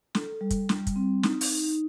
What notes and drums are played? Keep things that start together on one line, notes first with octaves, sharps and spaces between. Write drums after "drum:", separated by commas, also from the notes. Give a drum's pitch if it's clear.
A4, drum: snare
G3
drum: kick, hi-hat
G3, drum: snare
drum: kick, hi-hat
C4
D#4, drum: snare
drum: open hi-hat
D#4